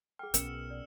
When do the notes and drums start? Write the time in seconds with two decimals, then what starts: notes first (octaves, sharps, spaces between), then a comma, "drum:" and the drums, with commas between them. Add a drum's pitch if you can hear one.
0.19 G#4 F#5 G5 F6
0.34 B1 B2 C#4 A#4 E6 C#7 E7, drum: hi-hat
0.70 D5